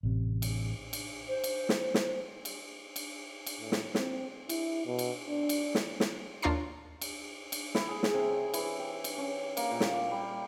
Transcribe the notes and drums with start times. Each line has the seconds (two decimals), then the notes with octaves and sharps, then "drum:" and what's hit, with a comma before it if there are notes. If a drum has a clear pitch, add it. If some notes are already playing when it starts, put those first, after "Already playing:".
0.03 A1 C3
0.42 drum: cymbal
0.93 drum: cymbal
1.28 C5
1.44 drum: cymbal
1.69 drum: snare
1.94 drum: snare
2.45 drum: cymbal
2.96 drum: cymbal
3.46 drum: cymbal
3.60 A2
3.72 drum: snare
3.95 C4, drum: snare
4.49 E4, drum: cymbal
4.86 B2
4.99 drum: cymbal
5.27 D4
5.49 drum: cymbal
5.75 drum: snare
6.00 drum: snare
6.42 D#2 D4 F4 C#5 A#5 C7
7.01 drum: cymbal
7.52 drum: cymbal
7.75 E4, drum: snare
7.89 G#4
8.03 drum: snare
8.14 C3
8.31 C#5
8.54 E3, drum: cymbal
8.79 G4
9.04 drum: cymbal
9.18 C#4
9.57 A#3, drum: cymbal
9.71 A#2
9.80 drum: snare
9.94 D6
10.11 G3